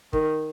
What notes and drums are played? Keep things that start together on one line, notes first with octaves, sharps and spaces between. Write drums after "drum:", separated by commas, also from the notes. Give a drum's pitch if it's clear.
D#3, drum: kick